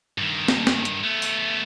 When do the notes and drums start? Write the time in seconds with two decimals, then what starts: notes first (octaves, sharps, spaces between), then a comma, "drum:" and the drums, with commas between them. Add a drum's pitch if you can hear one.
0.18 G2 D#3
0.48 drum: snare
0.67 drum: snare
0.85 drum: hi-hat
1.04 A3 B3
1.22 drum: open hi-hat